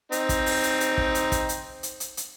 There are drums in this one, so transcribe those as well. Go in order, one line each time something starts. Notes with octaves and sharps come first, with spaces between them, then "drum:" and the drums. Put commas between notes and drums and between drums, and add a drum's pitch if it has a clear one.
C4 D#4, drum: hi-hat
drum: kick, hi-hat
drum: open hi-hat
drum: hi-hat
drum: hi-hat
drum: kick
drum: hi-hat
drum: kick, hi-hat
drum: hi-hat
drum: hi-hat
drum: hi-hat
drum: hi-hat